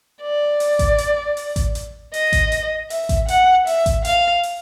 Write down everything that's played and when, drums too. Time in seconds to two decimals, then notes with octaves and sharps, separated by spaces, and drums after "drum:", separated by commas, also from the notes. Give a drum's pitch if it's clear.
0.22 D5
0.60 drum: open hi-hat
0.79 drum: kick A1, hi-hat
0.98 drum: hi-hat
1.37 drum: open hi-hat
1.56 drum: kick A1, hi-hat
1.75 drum: hi-hat
2.14 D#5, drum: open hi-hat
2.33 drum: kick A1, hi-hat
2.52 drum: hi-hat
2.90 E5, drum: open hi-hat
3.09 drum: kick A1, hi-hat
3.28 F#5, drum: hi-hat
3.67 E5, drum: open hi-hat
3.86 drum: kick A1, hi-hat
4.05 F5, drum: hi-hat
4.43 drum: open hi-hat